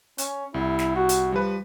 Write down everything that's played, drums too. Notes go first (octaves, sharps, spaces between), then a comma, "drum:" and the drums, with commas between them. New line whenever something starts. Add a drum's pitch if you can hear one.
C#4, drum: hi-hat
C2 E4
drum: snare
F#4
drum: hi-hat
F3 G3 B4